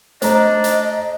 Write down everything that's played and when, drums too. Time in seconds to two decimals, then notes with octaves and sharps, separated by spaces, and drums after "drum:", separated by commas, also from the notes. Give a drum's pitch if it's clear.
0.22 A3 D4 C5 D#5 A#5, drum: hi-hat
0.64 drum: hi-hat